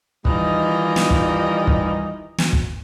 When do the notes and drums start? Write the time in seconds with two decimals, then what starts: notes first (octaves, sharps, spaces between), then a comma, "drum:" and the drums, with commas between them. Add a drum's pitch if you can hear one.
0.25 D#3 E3 G3 D#4 F4 D#5, drum: kick
0.96 drum: snare
1.10 drum: kick
1.67 drum: kick
2.38 drum: snare
2.53 drum: kick